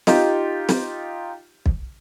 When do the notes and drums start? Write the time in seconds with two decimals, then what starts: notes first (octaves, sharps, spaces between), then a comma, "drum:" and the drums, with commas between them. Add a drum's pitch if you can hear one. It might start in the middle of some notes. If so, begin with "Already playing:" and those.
0.07 D#4 F4 G4, drum: snare
0.69 drum: snare
1.66 drum: kick